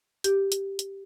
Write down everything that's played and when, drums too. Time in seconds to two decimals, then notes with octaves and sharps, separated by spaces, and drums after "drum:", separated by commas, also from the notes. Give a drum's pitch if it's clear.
0.24 G4, drum: hi-hat
0.52 drum: hi-hat
0.79 drum: hi-hat